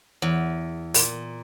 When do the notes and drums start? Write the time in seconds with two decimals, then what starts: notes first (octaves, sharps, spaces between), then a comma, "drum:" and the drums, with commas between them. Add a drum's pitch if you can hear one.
0.22 E2
0.94 A#2, drum: open hi-hat